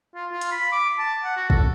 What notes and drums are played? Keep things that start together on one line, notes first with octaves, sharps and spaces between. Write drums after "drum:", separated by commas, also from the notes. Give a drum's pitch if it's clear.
F4
F4
drum: hi-hat
B5
D6
A5
F#5
F#4
A4, drum: kick